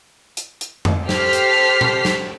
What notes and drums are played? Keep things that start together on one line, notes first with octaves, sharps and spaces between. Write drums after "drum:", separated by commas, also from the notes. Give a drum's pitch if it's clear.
drum: hi-hat
drum: hi-hat
drum: tom
G4 A4 C5 F6 B6 C7, drum: snare
drum: hi-hat
drum: tom A#2
drum: snare